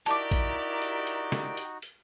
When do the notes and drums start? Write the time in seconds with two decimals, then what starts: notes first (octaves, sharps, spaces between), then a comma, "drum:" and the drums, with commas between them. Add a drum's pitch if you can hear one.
0.06 D#4 E4 F#4 G4 A#4 D5 A5 D6, drum: hi-hat
0.31 drum: kick A#1, hi-hat
0.82 drum: hi-hat
1.07 drum: hi-hat
1.32 drum: snare
1.57 drum: hi-hat
1.82 drum: hi-hat